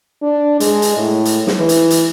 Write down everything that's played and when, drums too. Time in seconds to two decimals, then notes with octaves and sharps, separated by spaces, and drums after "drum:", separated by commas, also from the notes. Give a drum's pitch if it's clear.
0.22 D4
0.60 G#3, drum: hi-hat
0.82 drum: hi-hat
0.97 A2
1.25 drum: hi-hat
1.47 drum: snare
1.58 E3
1.69 drum: hi-hat
1.90 drum: hi-hat